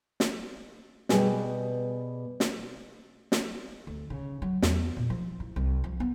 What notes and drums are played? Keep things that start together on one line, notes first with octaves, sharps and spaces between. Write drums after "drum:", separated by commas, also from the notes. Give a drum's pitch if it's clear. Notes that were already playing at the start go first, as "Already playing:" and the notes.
drum: snare
B2 G3 G#4 B4 G#5, drum: snare
drum: snare
drum: snare
D2
C#3
F#3
E2, drum: snare
A#2
F3
E4
C2
F3
B3